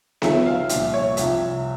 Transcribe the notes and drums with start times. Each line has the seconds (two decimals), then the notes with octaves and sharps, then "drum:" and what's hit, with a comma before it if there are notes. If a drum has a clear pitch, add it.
0.22 C#2 C#3 F3 E5, drum: snare B3
0.46 F5
0.69 C2 A#2 F3 E5, drum: hi-hat
0.94 C#5
1.17 C2 C3 F3 E5, drum: hi-hat